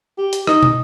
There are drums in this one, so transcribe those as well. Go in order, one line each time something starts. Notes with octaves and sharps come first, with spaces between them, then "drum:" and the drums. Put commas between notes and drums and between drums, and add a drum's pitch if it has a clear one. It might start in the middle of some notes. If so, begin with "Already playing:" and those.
G4
drum: hi-hat
D#4, drum: rim click
drum: tom